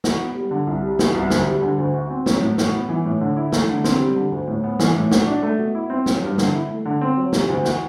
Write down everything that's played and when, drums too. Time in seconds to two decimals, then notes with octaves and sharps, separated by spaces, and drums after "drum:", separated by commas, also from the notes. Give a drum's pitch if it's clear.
0.04 F#4, drum: snare
0.20 B3
0.35 G3
0.51 D3
0.67 C2
0.83 G3
0.99 B2, drum: snare
1.14 C2
1.30 D2, drum: snare
1.46 G3
1.62 D3
1.78 D2
1.94 F#4
2.10 C4
2.26 F#3, drum: snare
2.41 A2
2.58 F#4, drum: snare
2.73 B3
2.89 E3
3.05 A2
3.21 D3
3.37 E4
3.52 A3, drum: snare
3.68 D3
3.84 C4, drum: snare
3.99 G3
4.16 D3
4.31 D2
4.48 A2
4.64 B3
4.79 E3, drum: snare
4.95 A2
5.11 F#4, drum: snare
5.27 D4
5.43 A3
5.58 B2
5.75 E4
5.90 C4
6.06 F#3, drum: snare
6.22 G2
6.38 D3, drum: snare
6.53 E4
6.70 A3
6.85 D3
7.01 C4
7.17 F#3
7.33 C3, drum: snare
7.49 D2
7.65 F#4, drum: snare